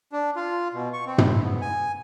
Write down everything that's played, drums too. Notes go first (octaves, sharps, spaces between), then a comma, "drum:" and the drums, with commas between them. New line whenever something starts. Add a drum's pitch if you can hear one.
D4
F4
B2
C#6
C4
drum: tom
E4
B3
G#5